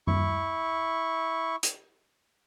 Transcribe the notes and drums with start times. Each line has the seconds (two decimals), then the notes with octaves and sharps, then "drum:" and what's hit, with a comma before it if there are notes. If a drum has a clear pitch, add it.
0.07 E4 C#6, drum: tom F#2
1.63 drum: hi-hat